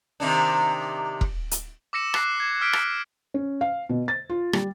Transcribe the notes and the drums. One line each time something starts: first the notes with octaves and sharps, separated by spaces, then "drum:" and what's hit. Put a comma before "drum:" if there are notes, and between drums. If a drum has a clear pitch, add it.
C3 D#3 D4
drum: kick E1
drum: hi-hat
D6 E6 A#6 C#7 E7
D6 F#6 C7, drum: rim click
G#6
D6 E6 F6 B6 D7
drum: rim click
C#4
F5
B2
A6
F4
G3, drum: rim click